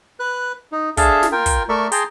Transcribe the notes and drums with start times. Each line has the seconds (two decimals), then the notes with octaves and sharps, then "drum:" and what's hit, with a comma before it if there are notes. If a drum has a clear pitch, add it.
0.20 B4 F#6
0.72 D#4
0.97 D4 G#4 A4 E5 F5 A5, drum: kick, hi-hat
1.23 drum: snare
1.32 F4 A#4 G5
1.46 drum: kick, hi-hat
1.69 A3 A#4 D5 E5 C#6
1.92 G#4 G5 A5 A#5 C6, drum: hi-hat